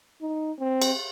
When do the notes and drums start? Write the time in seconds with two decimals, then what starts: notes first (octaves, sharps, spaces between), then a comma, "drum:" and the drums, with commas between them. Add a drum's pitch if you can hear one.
0.21 D#4
0.59 C4
0.82 drum: cymbal